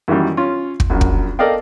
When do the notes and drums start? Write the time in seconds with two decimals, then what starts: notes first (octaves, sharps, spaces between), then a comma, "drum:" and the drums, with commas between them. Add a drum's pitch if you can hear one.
0.08 F#2 D#3 E3 G3
0.37 C#4 F4
0.80 drum: kick
0.90 A#1 F#2
1.01 drum: kick
1.39 A4 A#4 D5 D#5 F5 G5